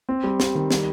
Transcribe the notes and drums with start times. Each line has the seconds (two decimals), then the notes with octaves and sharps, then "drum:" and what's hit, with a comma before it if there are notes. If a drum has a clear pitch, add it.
0.09 C4
0.24 G3
0.40 G3, drum: snare
0.55 D#3
0.71 G3, drum: snare